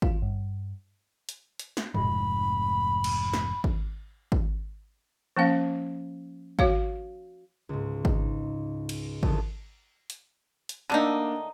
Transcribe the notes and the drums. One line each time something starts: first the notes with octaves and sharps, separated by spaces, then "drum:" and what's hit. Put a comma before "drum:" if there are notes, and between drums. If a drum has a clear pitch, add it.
F4, drum: kick G#1
G2
drum: hi-hat
drum: hi-hat
drum: snare
F1 G#2 G#3 B5, drum: tom
drum: cymbal
drum: snare
drum: kick G#1
drum: kick G#1
F3 A#3 C#4 F5
F#4 C#5 F5, drum: kick G#1
C#2 G#2
D#4, drum: kick G#1
drum: cymbal
C2 F2 D3 F3 A5 D#6, drum: kick G#1
drum: hi-hat
drum: hi-hat
D3 A3 A#3 D4 D#4 D#7